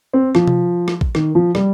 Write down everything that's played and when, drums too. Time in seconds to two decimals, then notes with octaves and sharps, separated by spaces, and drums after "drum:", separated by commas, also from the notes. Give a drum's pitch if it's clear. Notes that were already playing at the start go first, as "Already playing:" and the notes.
0.13 C4
0.35 F3, drum: rim click
0.48 drum: tom C3
0.88 drum: rim click
1.01 drum: kick A1
1.15 D#3, drum: rim click
1.35 F3
1.55 G3, drum: rim click